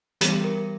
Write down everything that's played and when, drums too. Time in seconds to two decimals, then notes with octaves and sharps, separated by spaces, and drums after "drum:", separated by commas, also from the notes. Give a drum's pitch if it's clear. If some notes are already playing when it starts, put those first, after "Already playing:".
0.21 E3 G3 B3 G4, drum: hi-hat
0.44 A#4